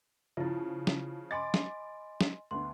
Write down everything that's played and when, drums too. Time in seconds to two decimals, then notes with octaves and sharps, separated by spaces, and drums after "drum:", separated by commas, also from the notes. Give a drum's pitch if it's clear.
0.37 C#3 F3 E4 F4
0.87 drum: snare
1.31 D#5 G#5 B5 C6 D6 A6
1.54 drum: snare
2.21 drum: snare
2.51 D2 B3 D4 C6